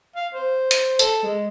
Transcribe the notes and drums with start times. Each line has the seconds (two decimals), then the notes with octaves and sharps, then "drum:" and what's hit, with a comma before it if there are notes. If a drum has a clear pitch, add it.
0.16 F5
0.34 C5
0.71 drum: hi-hat
0.99 A4, drum: tambourine
1.23 G#3